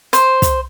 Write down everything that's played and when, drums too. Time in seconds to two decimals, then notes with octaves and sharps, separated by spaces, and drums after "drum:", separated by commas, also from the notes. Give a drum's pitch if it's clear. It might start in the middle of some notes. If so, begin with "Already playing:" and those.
0.13 C5, drum: hi-hat
0.42 drum: kick, hi-hat